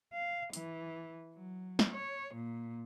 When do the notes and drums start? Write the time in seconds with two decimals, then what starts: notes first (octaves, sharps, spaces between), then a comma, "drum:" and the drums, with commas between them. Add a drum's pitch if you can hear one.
0.14 F5
0.53 E3, drum: hi-hat
1.35 F#3
1.79 drum: snare
1.91 C#5
2.35 A#2